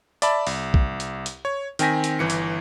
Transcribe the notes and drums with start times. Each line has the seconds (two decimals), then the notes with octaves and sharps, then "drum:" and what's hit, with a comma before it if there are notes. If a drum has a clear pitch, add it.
0.22 D5 E5 A5 B5, drum: hi-hat
0.47 C2, drum: open hi-hat
0.74 drum: kick
1.00 drum: hi-hat
1.26 drum: hi-hat
1.45 C#5
1.79 D#3 C4 G5 G#5 A#6 B6, drum: hi-hat
2.04 drum: hi-hat
2.19 G1 E3 C#7
2.30 drum: hi-hat